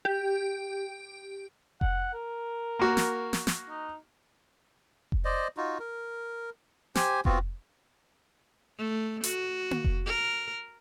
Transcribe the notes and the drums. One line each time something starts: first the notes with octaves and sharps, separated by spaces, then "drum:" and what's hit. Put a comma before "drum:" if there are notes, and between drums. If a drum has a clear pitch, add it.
G4
F#5, drum: kick F1
A#4
A#3 F#4
drum: snare
drum: snare
drum: snare
D#4
drum: kick F1
C5 D5 D#5
D#4 F4 F#4
A#4
G4 C5 G#5, drum: snare
B3 C4 F4 F#4, drum: kick F1
A3
F#4, drum: hi-hat
drum: tom A#3
drum: kick F1
A#4